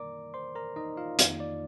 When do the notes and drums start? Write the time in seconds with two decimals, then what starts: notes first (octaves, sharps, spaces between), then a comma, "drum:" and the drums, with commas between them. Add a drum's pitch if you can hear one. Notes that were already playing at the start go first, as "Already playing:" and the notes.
Already playing: D#3 G3 A#3 D#4 A#4 D5 A#5 D6
0.34 C5 C6
0.55 A#4 A#5
0.76 D#4 D#5
0.97 F4 F5
1.19 F2 D#3 A#3 D#4 F4 F5, drum: hi-hat
1.40 D5